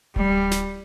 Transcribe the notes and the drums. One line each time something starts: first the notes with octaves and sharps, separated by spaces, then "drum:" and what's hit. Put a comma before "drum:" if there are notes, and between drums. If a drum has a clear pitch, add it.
G3, drum: kick D1
drum: snare